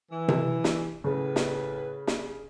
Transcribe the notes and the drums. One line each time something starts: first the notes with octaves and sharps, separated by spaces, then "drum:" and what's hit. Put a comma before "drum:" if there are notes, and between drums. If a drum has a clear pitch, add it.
E3
drum: tom C3
drum: snare
A2 C#3 B4
drum: snare
drum: snare